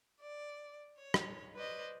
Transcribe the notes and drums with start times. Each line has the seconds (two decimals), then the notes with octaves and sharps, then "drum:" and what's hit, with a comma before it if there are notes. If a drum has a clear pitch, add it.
0.20 D5
0.97 C#5
1.14 drum: rim click
1.54 B4 C5 D5 D#5